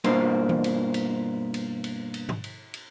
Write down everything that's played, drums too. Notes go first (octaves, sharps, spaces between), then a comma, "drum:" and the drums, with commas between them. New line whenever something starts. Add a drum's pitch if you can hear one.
G2 B2 A#3 F4 C5, drum: cymbal
drum: tom E3
drum: cymbal
drum: cymbal
drum: cymbal
drum: cymbal
drum: cymbal
drum: tom G#2
drum: cymbal
drum: cymbal